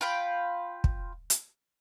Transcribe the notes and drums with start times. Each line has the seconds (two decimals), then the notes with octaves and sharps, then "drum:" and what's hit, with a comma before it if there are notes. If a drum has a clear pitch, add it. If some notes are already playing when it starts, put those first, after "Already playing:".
0.01 F4 F5 G5 B5
0.84 drum: kick
1.30 drum: hi-hat